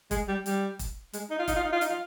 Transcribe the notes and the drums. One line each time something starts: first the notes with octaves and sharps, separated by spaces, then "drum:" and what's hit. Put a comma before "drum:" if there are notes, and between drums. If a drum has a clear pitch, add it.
G#3, drum: kick E1, hi-hat
G3
G3, drum: hi-hat
drum: kick E1, hi-hat
G#3, drum: hi-hat
D#4
F4
D#4, drum: kick E1, hi-hat
F4
D#4
F4
D#4, drum: hi-hat
F4